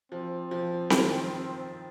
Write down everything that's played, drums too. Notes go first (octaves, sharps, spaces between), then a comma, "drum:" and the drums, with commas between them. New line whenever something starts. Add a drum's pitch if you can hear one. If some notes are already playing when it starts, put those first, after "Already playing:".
F3 C4
F3
D#3, drum: snare C4